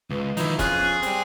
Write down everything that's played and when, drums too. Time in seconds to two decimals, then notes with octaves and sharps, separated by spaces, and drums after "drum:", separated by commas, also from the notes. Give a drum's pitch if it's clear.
0.10 C#2 B4
0.37 D#3 F3 D#4 E4, drum: hi-hat
0.59 F2 C#4 F4 G#4 F#6, drum: kick D#1, hi-hat
0.81 drum: snare
1.03 G3 C4, drum: hi-hat